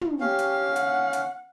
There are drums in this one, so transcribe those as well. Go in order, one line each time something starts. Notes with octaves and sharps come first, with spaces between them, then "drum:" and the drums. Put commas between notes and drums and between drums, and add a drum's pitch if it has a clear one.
drum: tom
C#4 G4 F5
drum: hi-hat
F#5, drum: hi-hat
drum: hi-hat